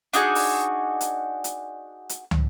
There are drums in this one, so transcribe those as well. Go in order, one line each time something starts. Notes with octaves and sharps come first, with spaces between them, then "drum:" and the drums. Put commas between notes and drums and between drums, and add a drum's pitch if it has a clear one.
D4 D#4 F#4 G#4, drum: hi-hat
drum: open hi-hat
drum: hi-hat
drum: hi-hat
drum: hi-hat
drum: tom